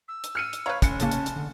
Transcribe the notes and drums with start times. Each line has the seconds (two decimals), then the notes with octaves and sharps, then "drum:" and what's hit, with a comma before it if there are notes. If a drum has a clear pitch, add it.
0.08 E6
0.24 drum: hi-hat
0.35 F6 C#7 D#7
0.53 drum: hi-hat
0.66 B4 C#5 F5 A#5 B5
0.82 F1 C#4 C#7, drum: kick, hi-hat
1.00 A2 C#3 A#3 A5, drum: hi-hat
1.12 drum: hi-hat
1.26 drum: hi-hat
1.36 D3